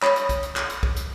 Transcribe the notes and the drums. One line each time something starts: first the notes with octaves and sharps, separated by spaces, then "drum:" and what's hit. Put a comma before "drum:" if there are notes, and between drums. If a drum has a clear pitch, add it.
C#5 B5 C#6 D#6, drum: clap
drum: hi-hat
drum: kick, hi-hat
drum: hi-hat
drum: clap
drum: hi-hat
drum: kick
drum: hi-hat